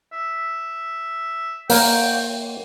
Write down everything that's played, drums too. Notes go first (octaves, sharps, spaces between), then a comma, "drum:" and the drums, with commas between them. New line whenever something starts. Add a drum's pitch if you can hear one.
E5
A#3 G5, drum: open hi-hat